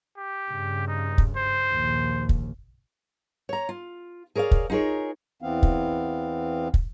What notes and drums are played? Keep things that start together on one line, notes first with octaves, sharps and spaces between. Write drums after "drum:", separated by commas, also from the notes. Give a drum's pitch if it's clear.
G4
G2 C#3
D#4
drum: kick
C5
A#1 D#2
drum: kick
C#5 A#5
F4
G#4 A#4 C#5 D5 F5
drum: kick
D#4 F4 G#4 A#4 C#5
E2 E3 B3 C4 F5
drum: kick
drum: kick